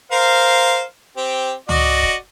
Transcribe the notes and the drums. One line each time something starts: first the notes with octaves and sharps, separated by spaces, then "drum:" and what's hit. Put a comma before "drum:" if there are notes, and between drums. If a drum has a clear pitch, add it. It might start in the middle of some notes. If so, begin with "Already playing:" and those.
A#4 C5 F5
C4 G4
F#4 D5 D#5, drum: tom C#2
drum: kick E1